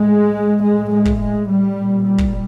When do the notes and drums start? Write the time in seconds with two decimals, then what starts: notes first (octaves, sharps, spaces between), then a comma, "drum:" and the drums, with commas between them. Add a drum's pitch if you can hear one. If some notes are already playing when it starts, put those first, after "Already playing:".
Already playing: A2 G#3
0.62 A2 G#3
0.92 G#3
1.05 drum: kick
1.20 G#3
1.48 G3
1.76 A#2
2.05 G3
2.18 drum: kick